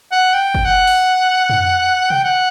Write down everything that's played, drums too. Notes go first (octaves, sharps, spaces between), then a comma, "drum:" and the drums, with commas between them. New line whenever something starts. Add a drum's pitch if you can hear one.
F#5
G5
drum: kick F#1
F#5
drum: open hi-hat
drum: tom
G5, drum: tom
F#5